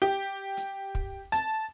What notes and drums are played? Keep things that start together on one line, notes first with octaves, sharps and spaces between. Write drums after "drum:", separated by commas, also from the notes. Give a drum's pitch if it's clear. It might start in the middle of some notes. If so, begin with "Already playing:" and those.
G4
drum: hi-hat
drum: kick
A5, drum: hi-hat